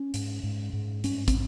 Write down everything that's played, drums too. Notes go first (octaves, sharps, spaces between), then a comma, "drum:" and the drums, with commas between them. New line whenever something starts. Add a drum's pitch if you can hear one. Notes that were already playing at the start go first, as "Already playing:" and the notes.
Already playing: C#4
G#2, drum: hi-hat
G#2
G#2
G2 C#4, drum: hi-hat
C4, drum: kick, hi-hat